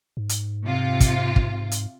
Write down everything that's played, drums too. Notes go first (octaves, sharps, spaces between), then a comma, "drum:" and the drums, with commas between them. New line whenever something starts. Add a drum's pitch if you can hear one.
G#2
drum: hi-hat
C3 F4
drum: kick, hi-hat
drum: kick
drum: hi-hat